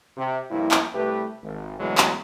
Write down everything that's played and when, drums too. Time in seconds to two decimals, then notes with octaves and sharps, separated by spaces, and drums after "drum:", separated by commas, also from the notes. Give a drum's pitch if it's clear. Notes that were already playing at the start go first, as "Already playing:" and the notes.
0.17 C3
0.50 G2 F3 A#3 E4
0.71 drum: clap
0.95 C2 A3 G4 B4
1.43 G#1
1.79 D2 B2 E3 F#3 G#3
1.98 drum: clap